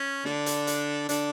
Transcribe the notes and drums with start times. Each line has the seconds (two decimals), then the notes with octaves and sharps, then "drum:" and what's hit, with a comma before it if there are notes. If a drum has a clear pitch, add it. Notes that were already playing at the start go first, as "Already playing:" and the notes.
Already playing: C#4
0.25 D3 D4, drum: snare
0.46 drum: hi-hat
0.67 drum: hi-hat
1.09 D3 D4, drum: hi-hat